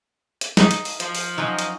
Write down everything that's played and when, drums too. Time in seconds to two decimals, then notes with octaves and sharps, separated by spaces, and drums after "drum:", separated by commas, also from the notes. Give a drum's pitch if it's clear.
0.41 drum: hi-hat
0.57 D#4, drum: snare
0.71 drum: hi-hat
0.85 drum: open hi-hat
1.00 F3, drum: hi-hat
1.15 drum: open hi-hat
1.38 F#3 C#4 D#4 F4
1.59 drum: hi-hat